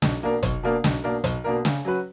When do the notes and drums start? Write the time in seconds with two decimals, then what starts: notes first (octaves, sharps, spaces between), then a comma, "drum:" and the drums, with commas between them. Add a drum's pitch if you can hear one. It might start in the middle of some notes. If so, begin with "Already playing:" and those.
0.02 B1, drum: snare
0.23 B2 A#3 D4 A#4
0.43 B1, drum: kick, hi-hat
0.63 B2 A#3 D4 A#4
0.84 B1, drum: snare
1.04 B2 A#3 D4 A#4
1.24 B1, drum: hi-hat
1.44 B2 A#3 D4 A#4
1.65 C#3, drum: snare
1.85 F#3 C#4 F#4 B4